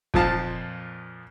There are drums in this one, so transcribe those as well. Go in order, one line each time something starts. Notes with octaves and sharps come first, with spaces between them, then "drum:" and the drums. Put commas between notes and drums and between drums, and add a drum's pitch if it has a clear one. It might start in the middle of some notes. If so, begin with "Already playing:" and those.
F2 A#2 F3 F5 A5, drum: kick